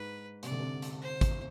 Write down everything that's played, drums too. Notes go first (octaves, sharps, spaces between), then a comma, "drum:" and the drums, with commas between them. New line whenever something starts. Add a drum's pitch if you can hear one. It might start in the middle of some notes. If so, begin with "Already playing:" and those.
Already playing: G#2 B4
C3 D5, drum: hi-hat
D3
C3
drum: hi-hat
C5
drum: kick, hi-hat